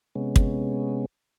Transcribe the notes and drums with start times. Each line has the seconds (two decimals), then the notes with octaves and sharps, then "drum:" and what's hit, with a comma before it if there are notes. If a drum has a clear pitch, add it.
0.15 C3 G#3 B3 C#4
0.36 drum: kick